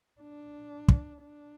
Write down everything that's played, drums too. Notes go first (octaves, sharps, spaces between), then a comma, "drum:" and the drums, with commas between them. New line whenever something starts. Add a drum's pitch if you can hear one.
D4
drum: kick
D4